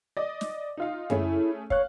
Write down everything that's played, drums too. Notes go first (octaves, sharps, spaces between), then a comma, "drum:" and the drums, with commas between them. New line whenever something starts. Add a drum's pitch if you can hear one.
D5 D#5
drum: snare
D#4 F4 F5
A3 C#4 E4 G#4, drum: tom F#2
C#5 F5 F#6, drum: kick